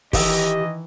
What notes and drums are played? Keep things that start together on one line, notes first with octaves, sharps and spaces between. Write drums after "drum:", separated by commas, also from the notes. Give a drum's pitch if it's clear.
D#3 E3 G4 D#5 D#6 E6, drum: kick, open hi-hat